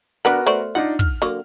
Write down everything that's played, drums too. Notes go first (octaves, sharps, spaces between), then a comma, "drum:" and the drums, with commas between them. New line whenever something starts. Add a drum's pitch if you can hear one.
B3 D4 F#4 A#4 B4 F#5
A3 C5 D5
D4 D#4 F4 F#5
F6, drum: kick
D3 F#3 A#3